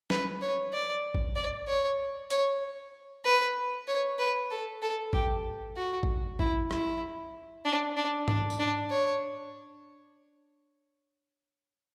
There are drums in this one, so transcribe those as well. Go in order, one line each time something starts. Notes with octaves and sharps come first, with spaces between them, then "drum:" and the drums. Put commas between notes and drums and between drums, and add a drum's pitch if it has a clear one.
B4, drum: snare
C#5
D5
drum: kick G#1
D5
C#5
C#5, drum: hi-hat
B4
C#5
B4
A4
A4
G4, drum: kick G#1
F#4
drum: kick G#1
E4, drum: kick G#1
E4, drum: rim click
D4
D4
D4, drum: tom G#2
drum: tambourine
D4
C#5